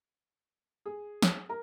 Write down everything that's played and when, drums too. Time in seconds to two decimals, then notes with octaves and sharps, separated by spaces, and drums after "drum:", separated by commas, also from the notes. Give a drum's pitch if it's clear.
0.86 G#4
1.22 drum: snare
1.49 A#4